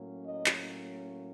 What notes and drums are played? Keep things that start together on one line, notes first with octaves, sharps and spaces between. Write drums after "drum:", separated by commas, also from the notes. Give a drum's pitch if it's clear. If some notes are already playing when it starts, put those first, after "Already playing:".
Already playing: A2 F#3 A#3 C#4
D#5
drum: clap